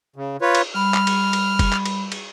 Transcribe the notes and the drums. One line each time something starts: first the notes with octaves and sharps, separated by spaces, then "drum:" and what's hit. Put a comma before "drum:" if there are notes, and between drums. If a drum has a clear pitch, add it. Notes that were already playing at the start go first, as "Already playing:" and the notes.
C#3
F4 B4 C#5
drum: cymbal
G3 B5 F6
drum: clap
drum: cymbal
drum: cymbal
drum: kick, cymbal
drum: clap
drum: cymbal
drum: cymbal